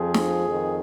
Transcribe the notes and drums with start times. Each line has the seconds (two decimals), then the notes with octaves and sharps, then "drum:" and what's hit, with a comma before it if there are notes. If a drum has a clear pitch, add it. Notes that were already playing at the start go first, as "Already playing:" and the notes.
Already playing: F2 F3 G#4
0.14 drum: snare
0.46 F2 D#3